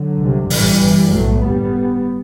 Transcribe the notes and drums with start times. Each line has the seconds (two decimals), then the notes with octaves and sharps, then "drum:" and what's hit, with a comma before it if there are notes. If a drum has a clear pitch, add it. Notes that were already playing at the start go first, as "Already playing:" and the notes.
Already playing: D3 F#3
0.20 C2 C3
0.50 A1 G2 E3 G3, drum: open hi-hat
0.81 G1 G2
1.13 B1 A2 F#3 A3
1.43 G1 G3 B3